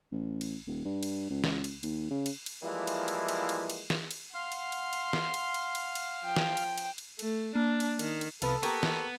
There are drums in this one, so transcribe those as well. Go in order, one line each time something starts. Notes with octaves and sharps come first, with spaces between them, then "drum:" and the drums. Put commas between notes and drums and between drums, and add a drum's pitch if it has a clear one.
A1
drum: cymbal
D#1
G2
drum: cymbal
C#2
drum: snare
drum: cymbal
D#2, drum: cymbal
C#3
drum: cymbal
drum: cymbal
E3 F3 G3 G#3 A#3 E4
drum: cymbal
drum: cymbal
drum: cymbal
drum: cymbal
drum: cymbal
drum: snare
drum: cymbal
F5 F#5 C6 F6
drum: cymbal
drum: cymbal
drum: cymbal
drum: snare
drum: cymbal
drum: cymbal
drum: cymbal
drum: cymbal
F3 G5
drum: snare
drum: cymbal
drum: cymbal
drum: cymbal
A3, drum: cymbal
A#3 D4
drum: cymbal
D#3, drum: cymbal
drum: cymbal
C2 C3 F3 B3 F4 A4 B4, drum: cymbal
A#3 B3 G4 A#4 C#6, drum: cymbal
drum: snare